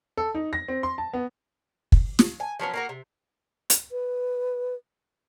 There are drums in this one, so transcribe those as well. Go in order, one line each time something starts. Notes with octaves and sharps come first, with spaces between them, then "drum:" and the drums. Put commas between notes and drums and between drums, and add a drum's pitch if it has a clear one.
A4
D#4
A#6
C4
C6
A5
B3
drum: kick
drum: snare
G#5
F3 F#3 B3 C#4
A#3 F#4 A#4
C3
drum: hi-hat
B4